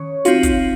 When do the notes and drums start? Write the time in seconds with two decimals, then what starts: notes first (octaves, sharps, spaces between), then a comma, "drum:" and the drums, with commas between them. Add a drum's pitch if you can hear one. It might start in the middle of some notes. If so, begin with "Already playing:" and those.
Already playing: D#3 C#4 C#5
0.25 C4 D#4 F4 F#4, drum: hi-hat
0.43 drum: kick, hi-hat